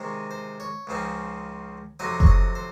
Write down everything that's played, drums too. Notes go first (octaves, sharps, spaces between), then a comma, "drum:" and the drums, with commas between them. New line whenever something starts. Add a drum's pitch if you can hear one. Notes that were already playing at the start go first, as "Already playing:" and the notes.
Already playing: C3 D#3 G#3 C4 D#4 C#5
C5
C#5
C#2 C#3 F3 C4 D#4
F2 C3 F#3 C4 D#4 D#5
C#5, drum: kick F#1
D#5
C5